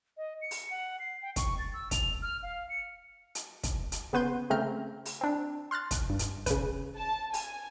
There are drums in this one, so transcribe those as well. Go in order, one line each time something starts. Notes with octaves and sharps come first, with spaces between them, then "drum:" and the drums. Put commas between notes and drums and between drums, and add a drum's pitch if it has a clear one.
D#5
C#7
drum: open hi-hat
F#5
C7
G5
C#6, drum: kick, hi-hat
A6
E6
F7, drum: kick, hi-hat
F6
F5
C#7
drum: hi-hat
drum: kick, hi-hat
drum: hi-hat
C#3 B3 B4 C6 G6
C#3 A3 C4 A#5 F6 G6
drum: open hi-hat
C4 D4
C6 F6 F#6 A6
drum: kick, hi-hat
G2
drum: hi-hat
C#3 B4, drum: kick, hi-hat
A5
G#5, drum: open hi-hat